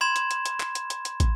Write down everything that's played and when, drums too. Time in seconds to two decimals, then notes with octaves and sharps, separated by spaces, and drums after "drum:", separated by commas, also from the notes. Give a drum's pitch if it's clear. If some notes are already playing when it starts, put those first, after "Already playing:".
0.01 B5 C6 G#6 E7
0.16 drum: hi-hat
0.31 drum: hi-hat
0.46 drum: hi-hat
0.60 drum: clap
0.75 drum: hi-hat
0.90 drum: hi-hat
1.05 drum: hi-hat
1.20 drum: kick, hi-hat